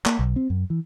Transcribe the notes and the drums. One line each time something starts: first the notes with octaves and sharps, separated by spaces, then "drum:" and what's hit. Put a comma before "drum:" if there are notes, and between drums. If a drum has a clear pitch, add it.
A#3, drum: clap
B1
C4
F#2
E3